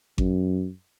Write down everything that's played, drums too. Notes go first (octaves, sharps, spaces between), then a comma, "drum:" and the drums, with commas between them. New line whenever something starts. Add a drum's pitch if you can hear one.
F#2, drum: kick G#1